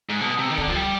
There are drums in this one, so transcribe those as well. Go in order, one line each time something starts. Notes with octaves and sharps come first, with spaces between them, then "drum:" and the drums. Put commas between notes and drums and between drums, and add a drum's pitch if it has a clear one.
G#2
B2
C3
D#3
D3, drum: kick
F3
G3